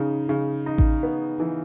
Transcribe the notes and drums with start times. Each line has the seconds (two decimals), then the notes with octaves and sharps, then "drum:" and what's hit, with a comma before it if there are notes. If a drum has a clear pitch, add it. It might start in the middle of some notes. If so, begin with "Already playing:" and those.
Already playing: C#3 D#4
0.29 C#3
0.66 D#4
0.78 drum: kick A1
1.03 B3
1.40 E3